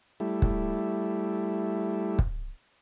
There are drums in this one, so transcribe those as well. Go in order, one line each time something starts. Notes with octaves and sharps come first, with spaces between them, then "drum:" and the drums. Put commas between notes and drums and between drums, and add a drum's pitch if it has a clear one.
G3 A3 E4
drum: kick
drum: kick